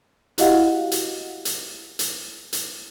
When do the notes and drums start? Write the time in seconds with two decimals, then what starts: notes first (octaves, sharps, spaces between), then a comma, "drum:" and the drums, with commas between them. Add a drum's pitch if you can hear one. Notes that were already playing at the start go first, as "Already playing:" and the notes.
0.38 E4 F#4 G4 D#5 F5 F#5, drum: hi-hat
0.92 drum: hi-hat
1.45 drum: hi-hat
1.99 drum: hi-hat
2.53 drum: hi-hat